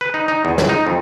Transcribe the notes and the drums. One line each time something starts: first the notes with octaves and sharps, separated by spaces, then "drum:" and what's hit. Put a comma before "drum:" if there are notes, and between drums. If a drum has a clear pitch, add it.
B4
D#4
D#4
E2
C#2, drum: snare
D#4
F2